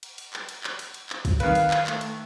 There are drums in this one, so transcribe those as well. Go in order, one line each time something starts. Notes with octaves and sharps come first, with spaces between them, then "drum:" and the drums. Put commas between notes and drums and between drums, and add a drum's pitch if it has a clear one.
drum: cymbal
drum: cymbal
drum: clap
drum: cymbal
drum: clap
drum: cymbal
drum: cymbal
drum: clap
drum: kick, cymbal
D#3 B4 F5, drum: cymbal
drum: cymbal
drum: clap
A3, drum: clap
drum: cymbal